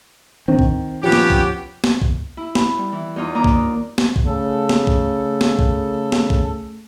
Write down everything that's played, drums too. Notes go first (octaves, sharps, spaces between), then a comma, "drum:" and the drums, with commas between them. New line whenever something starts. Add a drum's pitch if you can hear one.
D#3 C4
drum: kick
F3 B3 C#4 G4
drum: snare
drum: kick
drum: snare
drum: kick
E4
B3 B5, drum: snare
G3
E3 E4
E2 D#4 F4 D#6
D#2 A#3 D4 A#5 D6 D#6
drum: kick
drum: snare
drum: kick
C#3 A3 A4
drum: snare
drum: kick
drum: snare
drum: kick
drum: snare
drum: kick